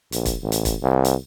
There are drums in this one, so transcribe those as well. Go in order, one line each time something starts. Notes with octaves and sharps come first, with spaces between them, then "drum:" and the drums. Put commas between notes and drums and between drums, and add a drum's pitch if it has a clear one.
A#1, drum: hi-hat
drum: kick, hi-hat
A1
drum: hi-hat
drum: kick, hi-hat
C2
drum: hi-hat